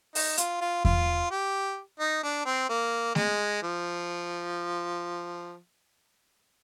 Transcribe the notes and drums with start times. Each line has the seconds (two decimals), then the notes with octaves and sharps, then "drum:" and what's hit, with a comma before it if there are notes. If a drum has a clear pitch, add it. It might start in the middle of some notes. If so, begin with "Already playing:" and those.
0.15 D#4, drum: open hi-hat
0.37 F4, drum: hi-hat
0.61 F4
0.85 F4, drum: kick E2
1.31 G4
1.99 D#4
2.23 D4
2.46 C4
2.69 A#3
3.15 G#3, drum: snare A3
3.62 F3